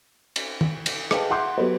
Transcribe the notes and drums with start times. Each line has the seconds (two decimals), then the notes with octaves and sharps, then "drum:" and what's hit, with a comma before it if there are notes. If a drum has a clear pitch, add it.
0.36 drum: cymbal
0.61 drum: tom D#3
0.86 drum: cymbal
1.11 G#4 B4 D#5 F5 G5 A5, drum: rim click
1.30 E5 F#5 C6 D6 G6
1.58 F#3 B3 F#4 G4 A4 B4